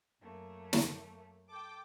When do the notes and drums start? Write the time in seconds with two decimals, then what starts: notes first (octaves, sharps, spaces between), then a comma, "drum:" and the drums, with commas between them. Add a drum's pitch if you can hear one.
0.22 F#2 A3 A#3
0.73 drum: snare
1.48 A4 G5 D6